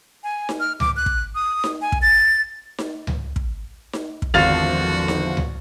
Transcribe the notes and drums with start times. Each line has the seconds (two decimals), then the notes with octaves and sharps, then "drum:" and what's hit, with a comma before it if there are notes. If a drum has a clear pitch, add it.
0.24 G#5
0.49 drum: snare D#4
0.60 F6
0.80 D6, drum: tom C#2
0.96 F#6
1.06 drum: kick
1.35 D#6
1.64 drum: snare D#4
1.82 G#5
1.92 drum: kick
2.02 A6
2.78 drum: snare D#4
3.07 drum: tom C#2
3.36 drum: kick
3.93 drum: snare D#4
4.22 drum: kick
4.34 G#1 E2 D3 F3 F#4 F5 A6 F7
5.08 drum: snare D#4
5.37 drum: tom C#2